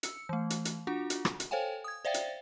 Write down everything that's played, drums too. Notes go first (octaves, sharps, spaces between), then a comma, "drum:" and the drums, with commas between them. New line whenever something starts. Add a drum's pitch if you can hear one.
E6 C#7, drum: hi-hat
E3 A3
drum: hi-hat
drum: hi-hat
D4 F4 F#4 F#5
drum: hi-hat
drum: rim click
drum: hi-hat
A4 C5 C#5 F5 G5 G#5
D#6 G#6
C5 D5 E5 F5 G5 A6
drum: hi-hat